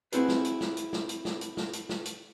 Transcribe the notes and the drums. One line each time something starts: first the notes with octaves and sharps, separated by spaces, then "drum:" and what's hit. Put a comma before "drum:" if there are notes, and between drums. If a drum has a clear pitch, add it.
C4 E4 F#4 G#4 B4, drum: hi-hat
drum: snare
drum: hi-hat
drum: snare
drum: hi-hat
drum: snare
drum: hi-hat
drum: snare
drum: hi-hat
drum: snare
drum: hi-hat
drum: snare
drum: hi-hat